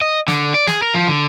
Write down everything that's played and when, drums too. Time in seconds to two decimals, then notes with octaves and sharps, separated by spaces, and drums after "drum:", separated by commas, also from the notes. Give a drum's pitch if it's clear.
0.01 D#5
0.28 D3, drum: snare
0.54 D5
0.67 G#4, drum: snare
0.82 A#4
0.94 F3
1.07 D3